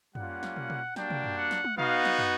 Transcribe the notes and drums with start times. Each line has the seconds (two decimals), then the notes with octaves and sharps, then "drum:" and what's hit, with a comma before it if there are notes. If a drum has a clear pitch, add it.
0.15 G3 A#3 C#4 F4 F#5, drum: tom
0.43 drum: snare
0.56 drum: tom
0.70 drum: tom
0.96 G3 A#3 D4 F#4 G5, drum: snare
1.10 drum: tom
1.24 drum: tom
1.38 F#5
1.51 drum: snare
1.64 drum: tom
1.78 B3 D#4 F#4 F5, drum: tom
2.05 drum: snare
2.19 drum: tom